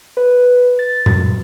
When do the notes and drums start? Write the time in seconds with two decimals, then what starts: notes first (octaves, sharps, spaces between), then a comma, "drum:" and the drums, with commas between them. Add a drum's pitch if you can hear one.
0.17 B4
0.79 A6
1.06 F#2, drum: tom A2